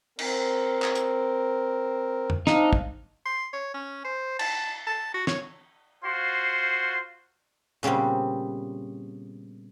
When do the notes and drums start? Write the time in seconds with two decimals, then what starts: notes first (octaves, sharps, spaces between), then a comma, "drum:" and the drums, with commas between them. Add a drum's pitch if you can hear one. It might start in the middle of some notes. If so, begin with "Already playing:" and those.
0.19 C4 A#4, drum: cymbal
0.82 drum: clap
0.95 drum: hi-hat
2.30 drum: tom F2
2.47 C4 D4 D#4 F5, drum: snare
2.73 drum: kick
3.26 C6
3.53 C#5
3.74 C#4
4.05 C5
4.39 A5, drum: cymbal
4.87 A5
5.14 F#4
5.27 C#5, drum: snare
6.04 F4 F#4 C5 C6
7.83 A#2 C#3 G3 B3 C4